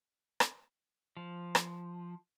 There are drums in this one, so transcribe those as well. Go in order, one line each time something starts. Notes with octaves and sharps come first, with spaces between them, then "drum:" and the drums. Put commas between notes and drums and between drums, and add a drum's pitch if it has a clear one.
drum: rim click
F3
drum: rim click